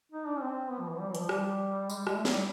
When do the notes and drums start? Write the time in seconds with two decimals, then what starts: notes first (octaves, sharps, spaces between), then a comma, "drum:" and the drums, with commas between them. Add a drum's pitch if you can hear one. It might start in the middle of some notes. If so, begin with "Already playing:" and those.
0.12 D#4
0.27 D4
0.36 C#4
0.42 C4
0.70 B3
0.80 F3
0.90 E3
1.00 G3
1.09 F#3
1.15 E3, drum: hi-hat
1.19 F3
1.29 G3, drum: rim click
1.90 G#3, drum: tambourine
1.97 G3
2.07 G#3, drum: rim click
2.16 A3
2.25 F#3, drum: snare
2.31 G3